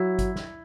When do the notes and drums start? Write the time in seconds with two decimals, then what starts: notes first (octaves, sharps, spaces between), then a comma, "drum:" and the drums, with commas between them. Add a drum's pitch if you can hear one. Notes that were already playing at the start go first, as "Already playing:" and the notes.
Already playing: F#3 E4
0.19 drum: kick G#1, hi-hat
0.36 drum: snare